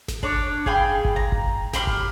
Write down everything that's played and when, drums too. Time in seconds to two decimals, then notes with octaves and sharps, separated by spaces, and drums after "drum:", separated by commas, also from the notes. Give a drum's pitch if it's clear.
0.08 drum: snare G#1
0.23 D4 C#5 D6, drum: kick G1
0.66 G#4 F5 G5 B5, drum: kick G1
1.05 drum: kick G1
1.16 A#5
1.32 drum: kick G1
1.73 G4 B5 C6 F6, drum: snare G#1
1.87 drum: kick G1